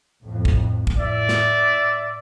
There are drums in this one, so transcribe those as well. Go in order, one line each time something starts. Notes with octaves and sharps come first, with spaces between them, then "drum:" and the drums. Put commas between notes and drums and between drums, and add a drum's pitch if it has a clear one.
F2 A2
drum: kick
drum: kick
A2 D5 E5
drum: snare